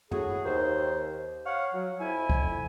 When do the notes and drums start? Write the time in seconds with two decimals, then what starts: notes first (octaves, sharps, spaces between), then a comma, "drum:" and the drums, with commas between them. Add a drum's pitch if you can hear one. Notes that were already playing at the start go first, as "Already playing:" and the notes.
0.11 A2 F#4 G#4, drum: tom F#2
0.45 D#2 C5
1.46 C#5 F5 F#5
1.73 F#3
2.00 F2 E4 G#5
2.30 drum: kick C2